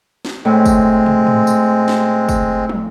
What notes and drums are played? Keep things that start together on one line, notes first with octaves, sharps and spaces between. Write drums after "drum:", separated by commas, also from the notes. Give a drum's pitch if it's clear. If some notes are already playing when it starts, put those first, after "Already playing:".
drum: snare
A2 G#3 C4
drum: kick, tambourine
drum: tom
drum: tom
drum: tambourine
drum: snare
drum: kick, tambourine
drum: tom